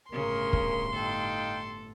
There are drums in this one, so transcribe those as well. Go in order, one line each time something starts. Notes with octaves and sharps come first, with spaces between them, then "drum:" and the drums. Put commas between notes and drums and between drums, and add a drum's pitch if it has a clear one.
G1 A2 C#3 A#4 C6
drum: kick
D#4 A4 F5 G5